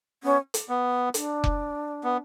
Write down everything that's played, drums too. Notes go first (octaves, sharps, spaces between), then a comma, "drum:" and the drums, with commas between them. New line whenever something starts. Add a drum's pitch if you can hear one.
B3 C#4
drum: hi-hat
B3
D4, drum: hi-hat
drum: kick F1
B3